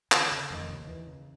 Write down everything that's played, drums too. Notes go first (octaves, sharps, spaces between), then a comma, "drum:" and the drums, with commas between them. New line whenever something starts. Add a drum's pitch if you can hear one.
D3 E3, drum: clap
C#3
F1 D#3
D#2
E3
C#3